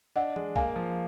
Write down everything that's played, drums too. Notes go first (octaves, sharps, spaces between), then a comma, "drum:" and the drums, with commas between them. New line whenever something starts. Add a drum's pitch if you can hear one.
D4 D#5 F#5
G#3, drum: tom E3
A#3 F5 G#5, drum: kick
F3